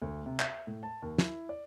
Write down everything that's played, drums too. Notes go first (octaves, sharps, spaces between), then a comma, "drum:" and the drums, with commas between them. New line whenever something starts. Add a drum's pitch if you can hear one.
D2
C3
E5, drum: clap
A2
A5
D#2
E4, drum: snare
D5